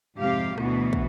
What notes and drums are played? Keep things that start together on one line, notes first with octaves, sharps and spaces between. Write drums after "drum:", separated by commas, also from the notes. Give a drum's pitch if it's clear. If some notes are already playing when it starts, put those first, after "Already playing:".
F2 G#2 C3 G4 F5
D2 B2 E3 B3 F#4, drum: rim click
drum: kick